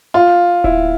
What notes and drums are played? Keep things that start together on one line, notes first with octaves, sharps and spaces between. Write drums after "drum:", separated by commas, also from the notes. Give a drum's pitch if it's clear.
F4
E4, drum: kick D1